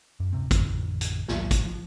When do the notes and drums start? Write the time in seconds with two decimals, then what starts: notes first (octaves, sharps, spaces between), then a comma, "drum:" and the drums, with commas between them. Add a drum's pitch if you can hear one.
0.20 F#2
0.33 D1 C3 C4
0.51 A1 F2 D3, drum: kick, hi-hat
1.01 drum: hi-hat
1.28 A#1 D#2 G#2 F#3, drum: snare
1.51 drum: kick, hi-hat
1.65 F3